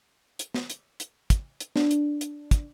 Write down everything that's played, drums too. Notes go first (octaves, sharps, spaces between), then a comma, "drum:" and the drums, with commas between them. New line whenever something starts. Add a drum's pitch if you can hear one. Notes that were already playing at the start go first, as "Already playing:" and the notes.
drum: hi-hat
drum: snare
drum: hi-hat
drum: hi-hat
drum: kick, hi-hat
drum: hi-hat
D4, drum: snare
drum: hi-hat
drum: hi-hat
drum: kick, hi-hat